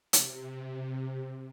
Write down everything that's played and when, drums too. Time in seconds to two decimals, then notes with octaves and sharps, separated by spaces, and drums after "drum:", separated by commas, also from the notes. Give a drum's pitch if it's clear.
0.13 C3, drum: hi-hat